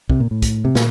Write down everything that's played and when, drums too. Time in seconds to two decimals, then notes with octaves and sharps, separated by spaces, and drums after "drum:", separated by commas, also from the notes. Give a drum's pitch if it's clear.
0.10 C3, drum: kick
0.20 A#2
0.31 A2
0.42 drum: kick, hi-hat
0.65 C3
0.75 A#2, drum: snare